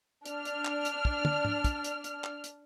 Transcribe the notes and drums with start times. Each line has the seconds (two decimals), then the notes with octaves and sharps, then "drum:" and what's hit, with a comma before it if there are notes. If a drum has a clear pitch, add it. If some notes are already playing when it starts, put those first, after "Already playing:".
0.26 D4 F6, drum: hi-hat
0.45 drum: hi-hat
0.65 drum: clap
0.85 drum: hi-hat
1.05 drum: kick
1.25 drum: tom
1.45 drum: tom
1.64 drum: kick, hi-hat
1.84 drum: hi-hat
2.04 drum: hi-hat
2.24 drum: clap
2.44 drum: hi-hat